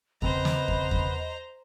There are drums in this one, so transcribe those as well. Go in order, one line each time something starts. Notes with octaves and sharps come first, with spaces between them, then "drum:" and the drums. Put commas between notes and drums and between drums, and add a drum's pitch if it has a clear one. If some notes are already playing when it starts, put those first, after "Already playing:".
C#3 B3 C4 B4 C5 D#5 A#5, drum: kick E2
drum: snare
drum: kick E2
drum: kick E2